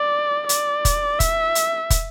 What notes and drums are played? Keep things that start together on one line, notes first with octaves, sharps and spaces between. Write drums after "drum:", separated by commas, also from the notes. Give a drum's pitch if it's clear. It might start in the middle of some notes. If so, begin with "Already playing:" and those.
Already playing: D5
D5, drum: hi-hat
drum: kick, hi-hat
E5, drum: kick, hi-hat
drum: hi-hat
drum: kick, hi-hat